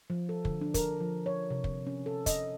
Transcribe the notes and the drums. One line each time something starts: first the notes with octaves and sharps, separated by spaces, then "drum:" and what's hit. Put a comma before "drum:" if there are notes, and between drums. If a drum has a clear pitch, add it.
F3
A4
D3, drum: kick
D4
A#4, drum: kick, hi-hat
F3
C#5
C3
drum: kick
C#4
A4
D#5, drum: kick, hi-hat